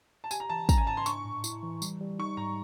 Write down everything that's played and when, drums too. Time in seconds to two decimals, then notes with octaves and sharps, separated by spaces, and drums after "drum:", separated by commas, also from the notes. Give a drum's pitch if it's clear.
0.24 A5
0.31 G4 G#5, drum: tambourine
0.40 A#5
0.50 E3 A5
0.69 C#4 A#5, drum: kick, tambourine
0.78 G#5
0.87 G#2 A5
0.97 C6
1.06 D4 C#6, drum: tambourine
1.25 A2
1.44 E4, drum: tambourine
1.63 E3
1.82 G3, drum: tambourine
2.00 G3
2.19 D#4 C#6
2.37 G#2 A#5